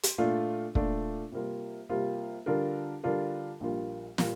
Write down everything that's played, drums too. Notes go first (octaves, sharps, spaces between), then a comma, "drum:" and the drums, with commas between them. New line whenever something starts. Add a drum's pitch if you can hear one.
drum: hi-hat
A#2 A3 D4 F4
A#2 A3 D4 F4, drum: kick
C3 G3 A#3 F4
C3 G3 A#3 F4
D3 G3 D4 F4 A#4
D3 G3 D4 F4 A#4
A#1 A#2 G3 A#3 F4
A#2 G3 A#3 F4, drum: snare